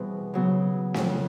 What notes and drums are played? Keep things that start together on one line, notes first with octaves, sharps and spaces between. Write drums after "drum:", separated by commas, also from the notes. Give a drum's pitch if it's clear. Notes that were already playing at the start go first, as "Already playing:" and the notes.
Already playing: B2 E3 G3 C4 E4 G#4
C#3 F#3 B3
F2 C#3 F#3 A3, drum: snare